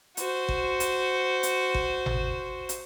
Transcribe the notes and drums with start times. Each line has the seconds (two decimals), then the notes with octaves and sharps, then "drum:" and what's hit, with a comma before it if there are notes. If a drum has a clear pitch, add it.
0.17 F#4 C5, drum: hi-hat
0.49 drum: kick
0.80 drum: hi-hat
1.43 drum: hi-hat
1.74 drum: kick
2.06 drum: tom G#1
2.69 drum: hi-hat